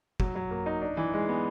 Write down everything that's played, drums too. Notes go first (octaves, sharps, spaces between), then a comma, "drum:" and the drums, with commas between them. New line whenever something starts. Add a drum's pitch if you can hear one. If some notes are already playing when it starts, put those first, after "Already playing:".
F#3, drum: kick
F#3
A#3
D#4
D4
E3
G#3
B3